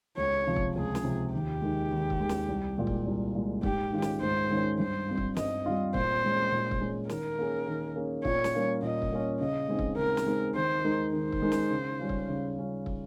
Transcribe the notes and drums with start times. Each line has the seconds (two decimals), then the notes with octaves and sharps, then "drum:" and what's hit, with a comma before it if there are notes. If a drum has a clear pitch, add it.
0.17 C#2 C#5
0.47 C3 F3
0.56 drum: kick
0.76 C#2 G#4
0.95 drum: snare
1.04 C3 F3
1.33 D#2 G4
1.62 D#3 G#3
1.91 D#2
2.10 drum: kick
2.20 D#3 G#3
2.29 drum: snare
2.49 C2
2.78 A#2 G#3
2.87 drum: kick
3.06 C2
3.35 A#2 G#3
3.63 G#2 G4, drum: kick
3.92 D#3 G#3 C#4 F4
4.02 drum: snare
4.21 G#2 C5
4.51 D#3 G#3 C#4 F4
4.79 G2 C5
5.08 G3 C4 F4
5.18 drum: kick
5.37 G2 D#5, drum: snare
5.66 G3 C4 F4
5.94 A#2 C5, drum: kick
6.24 G#3 C#4
6.52 A#2
6.71 drum: kick
6.81 G#3 C#4
7.09 D#3 A#4, drum: snare
7.39 A#3 C#4 G#4
7.67 D#3
7.96 A#3 C#4 G#4
8.25 A#2 C#5, drum: kick
8.44 drum: snare
8.54 G3 A#3 C#4 F4
8.82 A#2 D#5
9.02 drum: kick
9.12 G3 A#3 C#4 F4
9.41 C#3 D#5
9.68 G#3 C4 D#4 G#4
9.79 drum: kick
9.97 C#3 A#4
10.17 drum: snare
10.26 G#3 C4 D#4 G#4
10.55 D#3 C5
10.85 G#3 D#4 A#4
11.13 D#3 C5
11.32 drum: kick
11.42 G#3 D#4 A#4
11.52 drum: snare
11.70 C#3
12.00 G3 C#4 F4
12.09 drum: kick
12.29 C#3
12.57 G3 C#4 F4
12.86 drum: kick